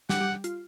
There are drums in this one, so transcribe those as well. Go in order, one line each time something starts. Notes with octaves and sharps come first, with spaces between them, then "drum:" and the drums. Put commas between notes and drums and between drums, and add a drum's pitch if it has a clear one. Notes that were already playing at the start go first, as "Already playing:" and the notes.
G3 G4 F#5, drum: snare
G3 G4
F4, drum: hi-hat